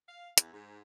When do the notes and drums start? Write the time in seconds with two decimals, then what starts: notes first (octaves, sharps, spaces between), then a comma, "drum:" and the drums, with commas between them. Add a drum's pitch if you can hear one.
0.09 F5
0.38 E2, drum: hi-hat
0.53 G#2